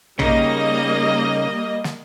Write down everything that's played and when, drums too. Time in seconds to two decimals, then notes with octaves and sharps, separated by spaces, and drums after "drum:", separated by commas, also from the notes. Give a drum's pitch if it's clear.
0.19 C#3 G3 A#3 D#4 D#5, drum: tom
1.84 drum: snare